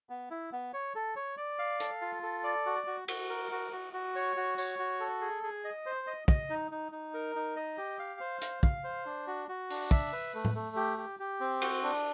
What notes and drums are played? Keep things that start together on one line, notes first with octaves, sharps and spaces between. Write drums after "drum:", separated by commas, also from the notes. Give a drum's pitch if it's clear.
B3
E4
B3
C#5
A4
C#5
D5
F5
A4, drum: hi-hat
F4
A4
D5
F#4
F#4
F#4, drum: cymbal
A#4
F#4
F#4
F#4
C#5
F#4
C#5, drum: tambourine
F#4
A4
G#4
G#4
D#5
C5
D#5
D#5, drum: kick
D#4
D#4
D#4
A#4
D#4
D#5
G4
F5
C5
F5, drum: hi-hat
F5, drum: kick
C5
D4
F#4
F#4
D4, drum: open hi-hat
E5, drum: kick
B4
A3
drum: tom A2
A3
G4
G4
G4
C4
F#4, drum: cymbal
D4